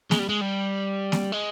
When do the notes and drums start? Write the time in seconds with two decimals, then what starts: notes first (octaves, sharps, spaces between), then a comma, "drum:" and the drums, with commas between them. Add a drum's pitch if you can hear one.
0.11 G#3, drum: snare A#3
0.19 G3
0.29 G#3
0.41 G3
1.12 drum: snare A#3
1.32 G#3